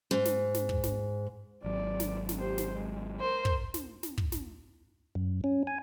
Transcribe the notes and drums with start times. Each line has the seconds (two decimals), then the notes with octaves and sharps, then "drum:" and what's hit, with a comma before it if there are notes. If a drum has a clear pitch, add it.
0.11 G#2
0.25 drum: snare
0.54 drum: snare
0.69 drum: kick
0.84 drum: snare
1.64 G#1 F#3 D5
2.00 drum: snare
2.29 drum: snare
2.38 G4 C5
2.58 drum: snare
2.72 G#3
3.20 A#4 C5
3.45 drum: kick
3.74 drum: snare
4.03 drum: snare
4.18 drum: kick
4.32 drum: snare
5.15 F#2
5.44 C#4
5.67 G#5